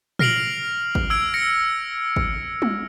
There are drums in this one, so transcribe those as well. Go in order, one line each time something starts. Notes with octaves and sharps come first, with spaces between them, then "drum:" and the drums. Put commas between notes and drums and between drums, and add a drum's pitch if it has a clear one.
F6 A#6 C7 D7 F7 F#7, drum: tom A2
drum: kick G#1
E6 G#6 D7
A#6 C#7
drum: kick G#1
drum: tom G3